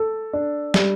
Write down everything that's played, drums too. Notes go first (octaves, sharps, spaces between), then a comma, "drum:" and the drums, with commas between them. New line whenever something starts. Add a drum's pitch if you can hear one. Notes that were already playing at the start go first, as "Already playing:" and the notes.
Already playing: A4
D4
G3, drum: snare